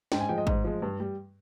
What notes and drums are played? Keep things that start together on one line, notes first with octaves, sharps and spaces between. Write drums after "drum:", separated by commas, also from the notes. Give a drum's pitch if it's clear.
G#2 G5, drum: snare
G#5
F3 G#3 G5
D#5
G#2, drum: kick G#1
F3 G#3
G2
G3